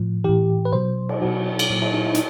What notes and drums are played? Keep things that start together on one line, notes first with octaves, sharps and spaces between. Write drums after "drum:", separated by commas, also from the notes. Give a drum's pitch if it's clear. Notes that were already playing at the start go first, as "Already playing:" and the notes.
Already playing: A2 F3
A2 E3 G4
B4
B2 F#3 C5
drum: cymbal
B2 F#3 F#4
drum: cymbal
A#2 F#3
E4, drum: cymbal
D#4
E4
D#4, drum: hi-hat